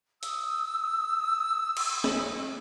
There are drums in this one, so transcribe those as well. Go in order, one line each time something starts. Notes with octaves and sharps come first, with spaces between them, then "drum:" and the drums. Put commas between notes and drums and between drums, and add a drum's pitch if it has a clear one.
D#6 E6, drum: hi-hat
drum: cymbal
drum: snare